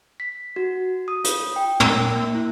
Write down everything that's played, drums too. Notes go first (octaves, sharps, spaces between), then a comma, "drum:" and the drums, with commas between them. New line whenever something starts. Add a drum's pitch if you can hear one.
B6
F#4
D#6
F4, drum: hi-hat
G5
drum: tom
A#4
A#3
E4